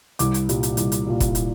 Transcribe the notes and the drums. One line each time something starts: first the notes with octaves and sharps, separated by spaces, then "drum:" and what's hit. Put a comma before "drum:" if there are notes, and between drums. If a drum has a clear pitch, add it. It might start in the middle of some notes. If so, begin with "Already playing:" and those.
C2 D6, drum: hi-hat
drum: hi-hat
A#2 G3, drum: hi-hat
drum: hi-hat
C2, drum: hi-hat
drum: hi-hat
A#2 G3
drum: kick, hi-hat
drum: hi-hat